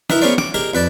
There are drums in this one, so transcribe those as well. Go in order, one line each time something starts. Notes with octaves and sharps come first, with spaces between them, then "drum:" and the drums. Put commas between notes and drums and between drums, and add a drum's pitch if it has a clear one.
E4 A#4 B4 D#5, drum: snare
B3 C#4 G#4 A#4 C5 D5
D6, drum: snare
G4 G#4 A#4 D#5
F2 B4 D5 A5